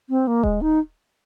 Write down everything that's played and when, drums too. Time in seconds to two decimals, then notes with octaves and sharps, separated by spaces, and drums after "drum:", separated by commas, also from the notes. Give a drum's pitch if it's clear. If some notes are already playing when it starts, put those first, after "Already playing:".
0.10 C4
0.27 A#3
0.43 G#3, drum: kick D#1
0.62 D#4